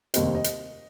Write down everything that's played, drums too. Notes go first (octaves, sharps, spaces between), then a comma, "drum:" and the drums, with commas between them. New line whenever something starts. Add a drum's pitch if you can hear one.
F1 D#2 D#3 G3 C4 D#5, drum: hi-hat
C5
D#5
drum: hi-hat